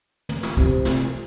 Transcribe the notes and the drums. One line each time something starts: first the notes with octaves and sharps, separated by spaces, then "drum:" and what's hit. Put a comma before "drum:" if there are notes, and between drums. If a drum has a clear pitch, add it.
drum: tom
drum: snare
C3, drum: kick, tambourine
drum: snare